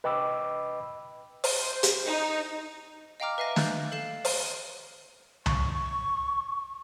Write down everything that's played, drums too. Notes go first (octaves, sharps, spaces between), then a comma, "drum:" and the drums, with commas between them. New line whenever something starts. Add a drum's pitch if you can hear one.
B4 D#5 G5 B5 D6 E6
drum: open hi-hat
C5
drum: hi-hat
D#4
D#5 F5 G5 A#5 D6 F6
B4 E5 F5 G#5 A#6
F#6 G6 A6, drum: snare
A4 F5 C7 E7
drum: open hi-hat
C#6, drum: tom C2